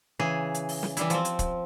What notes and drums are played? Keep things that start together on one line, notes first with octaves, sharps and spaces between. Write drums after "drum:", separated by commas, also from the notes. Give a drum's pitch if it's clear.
C#3 E3 G#4
drum: hi-hat
drum: open hi-hat
drum: snare
E3 G3 E4, drum: hi-hat
F3 C4, drum: hi-hat
drum: hi-hat
drum: kick, hi-hat